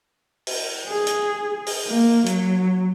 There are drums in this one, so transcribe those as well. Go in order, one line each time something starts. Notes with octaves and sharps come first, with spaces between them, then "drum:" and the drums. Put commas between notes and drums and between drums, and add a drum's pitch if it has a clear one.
drum: open hi-hat
G#4
drum: hi-hat
drum: open hi-hat
A#3
F#3, drum: hi-hat